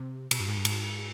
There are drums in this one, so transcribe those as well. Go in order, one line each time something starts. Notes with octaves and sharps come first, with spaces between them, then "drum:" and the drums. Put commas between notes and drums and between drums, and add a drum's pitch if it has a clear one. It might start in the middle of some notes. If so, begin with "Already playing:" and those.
Already playing: C3
B2, drum: cymbal
G2
G#2
G2
G#2, drum: cymbal